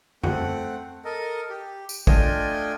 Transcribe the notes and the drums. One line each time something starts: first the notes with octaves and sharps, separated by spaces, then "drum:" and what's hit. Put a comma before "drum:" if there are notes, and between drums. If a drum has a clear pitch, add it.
A3 C4 F#5, drum: tom F2
A4 A#4 D#5
G4
drum: tambourine
A3 D4 F4 D#5 G5 G#5, drum: kick